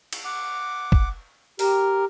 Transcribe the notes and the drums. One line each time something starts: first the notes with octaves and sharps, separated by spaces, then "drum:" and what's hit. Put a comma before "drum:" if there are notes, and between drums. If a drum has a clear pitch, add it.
drum: cymbal
F#5 D6
drum: kick
G4 A#4, drum: open hi-hat